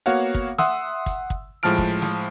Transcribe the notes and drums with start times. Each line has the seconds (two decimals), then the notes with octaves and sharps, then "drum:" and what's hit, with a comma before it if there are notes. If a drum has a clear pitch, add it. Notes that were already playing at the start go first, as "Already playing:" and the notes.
0.06 A#3 B3 F#4 C#5 F5 F#5
0.35 drum: kick
0.58 E5 F#5 C6 D#6 E6, drum: snare
1.06 drum: kick, hi-hat
1.30 drum: kick
1.63 A2 F3 G#3 A5 F6 D7
1.78 drum: kick
2.02 drum: snare